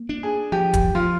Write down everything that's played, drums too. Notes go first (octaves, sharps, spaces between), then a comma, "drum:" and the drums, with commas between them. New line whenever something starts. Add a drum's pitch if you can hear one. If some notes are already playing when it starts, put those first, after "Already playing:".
Already playing: A#3
D4
G#4
F3 G4
drum: kick D1, hi-hat
F3 F4